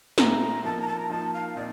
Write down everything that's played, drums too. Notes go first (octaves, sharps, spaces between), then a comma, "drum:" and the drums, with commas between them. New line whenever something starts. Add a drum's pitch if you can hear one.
A#2 A3 C4 D#4 A#5, drum: snare
F3 A#3 D#4 A5
A#5
A5
A#5
F3 A#3 D#4 A5
F5
A#2 F3 C4 D#4 D5